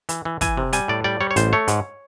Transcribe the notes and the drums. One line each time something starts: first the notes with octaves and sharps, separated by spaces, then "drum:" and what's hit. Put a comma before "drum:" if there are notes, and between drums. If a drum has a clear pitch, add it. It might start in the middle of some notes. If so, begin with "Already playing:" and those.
E3, drum: hi-hat
E3
E3 G#5, drum: kick, hi-hat
C3
G3 G#5, drum: hi-hat
A2 D5
G3 D5
G3 C#5
C#5
A1 C5, drum: hi-hat
A3 C#5
G#2, drum: hi-hat